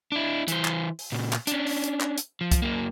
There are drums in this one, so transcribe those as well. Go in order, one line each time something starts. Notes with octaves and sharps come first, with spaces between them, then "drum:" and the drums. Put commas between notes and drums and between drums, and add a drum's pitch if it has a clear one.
D4 E4
E3 C5, drum: hi-hat
drum: clap
drum: open hi-hat
A#2 C#3
drum: clap
C#4 D4, drum: hi-hat
drum: open hi-hat
drum: hi-hat
drum: clap
drum: hi-hat
F3
drum: kick C2, hi-hat
F#2 A#3